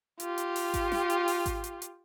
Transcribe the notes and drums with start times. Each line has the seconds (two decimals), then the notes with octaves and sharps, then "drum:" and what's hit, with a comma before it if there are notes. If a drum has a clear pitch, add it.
0.20 F4 G4, drum: hi-hat
0.38 drum: hi-hat
0.56 drum: open hi-hat
0.74 drum: kick G#1, hi-hat
0.92 drum: snare
1.10 drum: hi-hat
1.28 drum: open hi-hat
1.46 drum: kick G#1, hi-hat
1.64 drum: hi-hat
1.82 drum: hi-hat